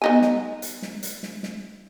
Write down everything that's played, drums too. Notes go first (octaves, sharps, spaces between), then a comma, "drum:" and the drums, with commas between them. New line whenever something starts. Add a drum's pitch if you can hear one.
B3 D#4 G#5
drum: snare
drum: hi-hat
drum: snare
drum: hi-hat
drum: snare
drum: snare